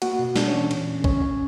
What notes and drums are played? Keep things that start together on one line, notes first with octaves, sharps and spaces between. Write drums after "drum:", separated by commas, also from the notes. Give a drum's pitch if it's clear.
A#3 F#4 F#5, drum: cymbal
B2
B3 D4 D5, drum: snare
E3 C#4 C#5
A#2, drum: cymbal
C#4
C#4 C#5, drum: kick
C#4